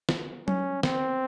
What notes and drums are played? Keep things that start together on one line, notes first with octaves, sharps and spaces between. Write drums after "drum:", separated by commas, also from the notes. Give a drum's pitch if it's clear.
drum: snare
C#4, drum: tom F#3
C4, drum: snare